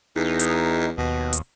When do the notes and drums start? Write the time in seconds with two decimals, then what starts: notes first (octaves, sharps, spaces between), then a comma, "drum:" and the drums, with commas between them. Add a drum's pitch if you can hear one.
0.16 E2 D#4
0.39 drum: hi-hat
0.98 D#2 B2
1.33 drum: hi-hat